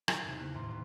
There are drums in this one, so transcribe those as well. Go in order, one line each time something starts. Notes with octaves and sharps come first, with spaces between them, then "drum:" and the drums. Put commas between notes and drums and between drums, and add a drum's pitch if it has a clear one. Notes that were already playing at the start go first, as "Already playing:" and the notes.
D#4 A4 D#6, drum: rim click
E2 C3
C#3 A#3 B3
D#1 D2 A2 A#5 C6
C3 B3